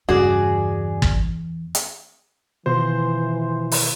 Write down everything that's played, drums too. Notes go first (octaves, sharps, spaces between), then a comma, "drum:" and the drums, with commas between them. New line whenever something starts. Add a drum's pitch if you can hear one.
E2 G2 C#3 F#4 G#4 D5
drum: kick
drum: hi-hat
B2 D#3 E3 F4 C5 C6
drum: open hi-hat